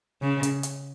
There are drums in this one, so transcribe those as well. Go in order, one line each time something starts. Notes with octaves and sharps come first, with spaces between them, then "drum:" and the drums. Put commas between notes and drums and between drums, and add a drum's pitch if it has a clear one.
C#3
drum: hi-hat
drum: hi-hat